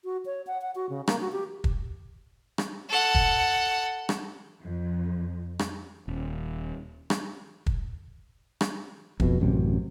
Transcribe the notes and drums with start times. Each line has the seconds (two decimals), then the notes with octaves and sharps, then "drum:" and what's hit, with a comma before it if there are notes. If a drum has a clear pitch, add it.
0.04 F#4
0.26 C#5
0.47 F#5
0.61 F#5
0.75 F#4
0.90 C#3
1.08 A#3, drum: rim click
1.20 F#4
1.32 G4
1.64 drum: kick
2.58 drum: rim click
2.89 A4 F#5
3.15 drum: kick
4.09 drum: rim click
4.61 F2
5.59 drum: rim click
6.08 D#1
7.10 drum: rim click
7.66 drum: kick
8.61 drum: rim click
9.20 F2 B2, drum: kick
9.41 A1 F#2 C3